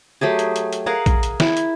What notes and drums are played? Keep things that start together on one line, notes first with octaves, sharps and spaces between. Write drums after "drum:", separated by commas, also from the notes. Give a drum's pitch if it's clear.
F#3 A3 G4 G#4
drum: hi-hat
drum: hi-hat
drum: hi-hat
G#4 A#4 F5 F#5
drum: kick A#1, hi-hat
drum: hi-hat
E4, drum: snare
drum: hi-hat